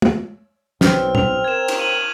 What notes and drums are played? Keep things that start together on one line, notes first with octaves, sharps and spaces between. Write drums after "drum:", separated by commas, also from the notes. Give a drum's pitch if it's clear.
drum: tom
B1 C4 F6, drum: snare
F7, drum: tom
A#4 G#6 E7
drum: cymbal
D#7 F#7